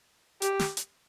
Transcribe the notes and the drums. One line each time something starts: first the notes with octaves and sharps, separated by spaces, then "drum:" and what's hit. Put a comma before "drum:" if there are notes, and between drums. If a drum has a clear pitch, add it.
G4, drum: hi-hat
drum: snare
drum: hi-hat